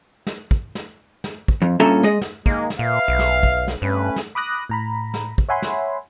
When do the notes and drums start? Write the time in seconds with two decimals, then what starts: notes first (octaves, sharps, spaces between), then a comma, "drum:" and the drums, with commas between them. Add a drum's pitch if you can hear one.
0.27 drum: snare
0.51 drum: kick
0.75 drum: snare
1.24 drum: snare
1.48 drum: kick
1.62 F2
1.80 G2 A#2 C#4 A4 E5 A#5
2.03 G#3 D#5
2.21 drum: snare
2.46 D#3 G#3 A#3, drum: kick
2.70 drum: snare
2.79 A#2 B4 E5 F5
3.08 B1
3.19 drum: snare
3.43 drum: kick
3.68 drum: snare
3.82 G2 A3 C#4 B4
4.16 drum: snare
4.35 B5 D6 D#6 F#6 A#6
4.69 A2 A#5 B5
5.14 drum: snare
5.38 drum: kick
5.49 C#5 E5 F#5 G#5 B5 C6
5.62 drum: snare